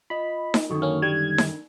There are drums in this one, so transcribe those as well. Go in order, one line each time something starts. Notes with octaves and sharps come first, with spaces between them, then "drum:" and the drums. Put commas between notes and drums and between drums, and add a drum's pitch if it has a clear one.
F4 D#5 B5
drum: snare D#4
F#2 D3 D#3 F#4 A4 C#6
A#3 C#4 F6
G3 G#6
drum: snare D#4